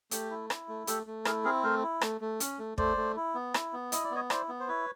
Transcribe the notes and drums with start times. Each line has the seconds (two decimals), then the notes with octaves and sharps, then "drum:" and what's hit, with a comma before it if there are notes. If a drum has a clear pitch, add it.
0.11 A3 G4, drum: hi-hat
0.31 E4
0.50 E4, drum: rim click
0.68 A3
0.87 A3 G4 A4, drum: hi-hat
1.07 A3
1.25 E4 G#4 A#4, drum: rim click
1.44 C4 G#4 A#4
1.63 A3 A#4 C5
1.83 E4
2.01 A3, drum: rim click
2.21 A3
2.40 C#4, drum: hi-hat
2.59 A3
2.78 A3 C5 D5, drum: kick
2.97 A3
3.16 E4
3.35 B3
3.54 E4, drum: rim click
3.73 B3
3.92 E4 D#5, drum: hi-hat
4.04 D5
4.11 B3 C#5 D#5
4.30 E4 C5 D5, drum: rim click
4.49 B3
4.60 C5
4.68 E4 B4 C#5